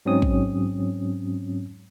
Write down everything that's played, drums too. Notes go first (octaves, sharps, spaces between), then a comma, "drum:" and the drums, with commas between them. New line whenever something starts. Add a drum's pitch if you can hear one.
G#2 F#3 C4 C#4 D#6
drum: kick